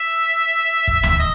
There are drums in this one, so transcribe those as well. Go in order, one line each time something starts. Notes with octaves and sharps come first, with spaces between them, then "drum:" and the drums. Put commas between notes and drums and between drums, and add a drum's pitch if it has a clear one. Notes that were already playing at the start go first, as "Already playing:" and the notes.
Already playing: E5
drum: kick
drum: tom D2
D#5